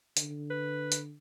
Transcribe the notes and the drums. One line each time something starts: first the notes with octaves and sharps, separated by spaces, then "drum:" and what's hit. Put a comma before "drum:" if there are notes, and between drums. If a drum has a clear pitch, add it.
D3, drum: hi-hat
B4
drum: hi-hat